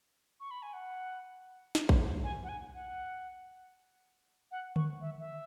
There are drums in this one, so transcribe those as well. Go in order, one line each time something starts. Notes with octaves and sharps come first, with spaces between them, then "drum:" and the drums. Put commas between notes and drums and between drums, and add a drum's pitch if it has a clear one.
C#6
B5
G#5
F#5
drum: snare
drum: kick A#1
G#5
F#5
G#5
F#5
F#5
C#6, drum: tom D3
E5
E5